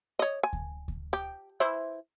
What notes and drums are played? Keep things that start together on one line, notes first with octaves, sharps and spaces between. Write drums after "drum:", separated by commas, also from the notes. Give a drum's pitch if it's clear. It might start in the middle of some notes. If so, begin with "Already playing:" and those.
C#5 D#5
G#5
drum: kick D2
drum: kick D2
G4
E3 E4 C5